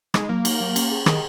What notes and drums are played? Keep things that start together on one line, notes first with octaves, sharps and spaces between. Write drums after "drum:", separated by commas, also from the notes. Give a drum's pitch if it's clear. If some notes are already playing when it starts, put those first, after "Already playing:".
G#3 D#4, drum: rim click
F#3 A#3
D#4, drum: cymbal
F#3
C#4, drum: cymbal
G#4
D#3 G#4, drum: rim click